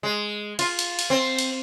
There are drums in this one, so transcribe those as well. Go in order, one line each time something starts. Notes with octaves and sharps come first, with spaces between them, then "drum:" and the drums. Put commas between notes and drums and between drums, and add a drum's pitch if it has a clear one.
G#3
F4, drum: cymbal
drum: cymbal
drum: cymbal
C4
drum: cymbal